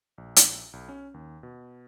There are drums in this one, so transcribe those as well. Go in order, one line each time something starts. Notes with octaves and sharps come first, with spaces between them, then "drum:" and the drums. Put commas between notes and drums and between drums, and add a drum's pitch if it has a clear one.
A#1
drum: hi-hat
B1
C#4
D#2
B2